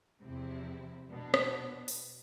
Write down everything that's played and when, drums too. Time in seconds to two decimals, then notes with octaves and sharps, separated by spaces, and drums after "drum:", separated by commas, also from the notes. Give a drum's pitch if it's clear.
0.24 E2 C3 F3 C4 E4
1.09 B2 B3 D4
1.34 drum: rim click
1.88 drum: open hi-hat